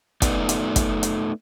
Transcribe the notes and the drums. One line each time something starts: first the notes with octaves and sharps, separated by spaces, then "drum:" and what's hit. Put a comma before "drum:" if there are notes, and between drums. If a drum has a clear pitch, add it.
A3 B3 D#4 B4 D5, drum: kick, hi-hat
drum: hi-hat
drum: kick, hi-hat
drum: hi-hat